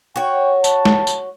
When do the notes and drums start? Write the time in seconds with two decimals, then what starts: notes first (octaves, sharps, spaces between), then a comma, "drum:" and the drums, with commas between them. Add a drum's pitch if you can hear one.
0.16 F#4 C#5 G5
0.64 A5, drum: tambourine
0.85 drum: snare
1.07 drum: tambourine